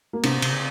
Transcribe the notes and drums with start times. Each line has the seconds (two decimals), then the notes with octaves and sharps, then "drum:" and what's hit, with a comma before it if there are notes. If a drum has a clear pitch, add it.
0.13 A#3
0.23 C3 C4, drum: cymbal
0.42 C3, drum: cymbal
0.52 C#3